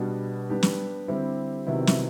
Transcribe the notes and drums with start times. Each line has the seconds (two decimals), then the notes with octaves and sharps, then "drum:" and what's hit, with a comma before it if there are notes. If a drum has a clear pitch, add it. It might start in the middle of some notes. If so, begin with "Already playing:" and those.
Already playing: B2 G3 B3 D4
0.50 G3 B3 D4 G4
0.63 drum: snare
1.08 D3 G3 C4 E4 G4
1.67 C3 D#3 F#3 B3 E4
1.87 drum: snare